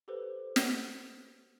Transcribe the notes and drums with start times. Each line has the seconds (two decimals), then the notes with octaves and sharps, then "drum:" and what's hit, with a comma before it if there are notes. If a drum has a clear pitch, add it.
0.08 G4 A4 B4 C5
0.56 drum: snare